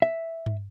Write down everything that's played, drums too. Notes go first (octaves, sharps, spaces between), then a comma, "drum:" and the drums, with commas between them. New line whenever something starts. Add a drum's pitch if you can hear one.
E5
drum: tom G2